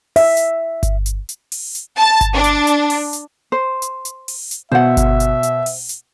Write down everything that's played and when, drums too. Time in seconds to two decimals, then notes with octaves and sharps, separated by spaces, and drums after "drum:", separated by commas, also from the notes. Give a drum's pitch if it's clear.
0.16 E5, drum: open hi-hat
0.37 drum: hi-hat
0.83 drum: kick G1, hi-hat
1.06 drum: hi-hat
1.29 drum: hi-hat
1.52 drum: open hi-hat
1.75 drum: hi-hat
1.98 A5
2.21 drum: kick G1, hi-hat
2.34 D4
2.44 drum: hi-hat
2.67 drum: hi-hat
2.90 drum: open hi-hat
3.13 drum: hi-hat
3.52 C5
3.82 drum: hi-hat
4.05 drum: hi-hat
4.28 drum: open hi-hat
4.51 drum: hi-hat
4.72 B2 C5 E5 F#5
4.97 drum: kick G1, hi-hat
5.20 drum: hi-hat
5.43 drum: hi-hat
5.66 drum: open hi-hat
5.89 drum: hi-hat